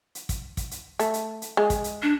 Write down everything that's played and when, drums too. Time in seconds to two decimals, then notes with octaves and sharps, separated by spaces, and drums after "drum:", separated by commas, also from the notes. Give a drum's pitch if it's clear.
0.15 drum: hi-hat
0.29 drum: kick, hi-hat
0.57 drum: kick, hi-hat
0.71 drum: hi-hat
0.99 A3, drum: hi-hat
1.14 drum: hi-hat
1.42 drum: hi-hat
1.57 G#3
1.70 drum: kick, hi-hat
1.84 drum: hi-hat
2.02 D4